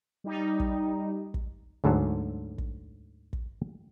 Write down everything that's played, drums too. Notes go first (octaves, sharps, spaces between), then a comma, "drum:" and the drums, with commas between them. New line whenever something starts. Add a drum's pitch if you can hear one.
G3 D#4
drum: kick
drum: kick
D2 G#2 D3 F#3 A4
drum: kick
drum: kick